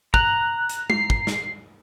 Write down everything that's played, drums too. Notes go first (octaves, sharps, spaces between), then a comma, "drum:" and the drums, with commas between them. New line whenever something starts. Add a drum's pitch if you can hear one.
A#5 F#6, drum: kick
drum: hi-hat
C7, drum: tom G#3
drum: kick
drum: snare